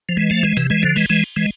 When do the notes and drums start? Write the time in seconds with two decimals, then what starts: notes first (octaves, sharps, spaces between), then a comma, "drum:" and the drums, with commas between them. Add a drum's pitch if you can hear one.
0.09 F3
0.17 E3 G#3
0.30 F3 A3
0.43 E3 G#3
0.57 C3 E3, drum: hi-hat
0.70 E3 G#3
0.83 D3 F3
0.96 E3 G#3, drum: cymbal
1.10 E3 G#3
1.36 E3 G#3